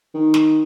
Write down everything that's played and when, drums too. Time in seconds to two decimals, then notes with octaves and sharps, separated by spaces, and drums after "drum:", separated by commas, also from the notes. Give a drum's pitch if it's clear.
0.14 D#3
0.34 drum: snare